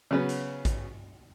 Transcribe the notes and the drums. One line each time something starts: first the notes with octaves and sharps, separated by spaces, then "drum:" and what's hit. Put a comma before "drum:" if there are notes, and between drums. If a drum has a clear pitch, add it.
C#3 F#3 B3 C#4
drum: hi-hat
drum: kick A1, hi-hat